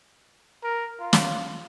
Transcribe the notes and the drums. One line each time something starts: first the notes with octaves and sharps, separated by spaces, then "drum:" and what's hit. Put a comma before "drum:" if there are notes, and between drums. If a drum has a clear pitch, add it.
A#4
F4
drum: snare